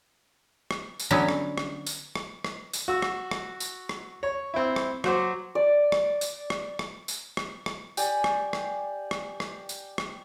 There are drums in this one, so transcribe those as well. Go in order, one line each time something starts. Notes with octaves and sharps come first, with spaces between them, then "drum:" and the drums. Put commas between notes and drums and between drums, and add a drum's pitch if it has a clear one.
drum: rim click
drum: tambourine
D3 F#3 B3 C#4
drum: rim click
drum: rim click
drum: tambourine
drum: rim click
drum: rim click
drum: tambourine
F#4 E6
drum: rim click
drum: rim click
drum: tambourine
drum: rim click
C#5
C4 E4
drum: rim click
F#3 F#4 C5 F#5 D6, drum: rim click
D5
drum: rim click
drum: tambourine
drum: rim click
drum: rim click
drum: tambourine
drum: rim click
drum: rim click
G4 D5 G#5, drum: tambourine
drum: rim click
drum: rim click
drum: rim click
drum: rim click
drum: tambourine
drum: rim click